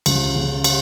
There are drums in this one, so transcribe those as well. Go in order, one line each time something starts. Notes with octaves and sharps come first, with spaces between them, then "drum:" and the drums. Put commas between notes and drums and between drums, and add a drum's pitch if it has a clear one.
C#2, drum: cymbal
C#3
drum: cymbal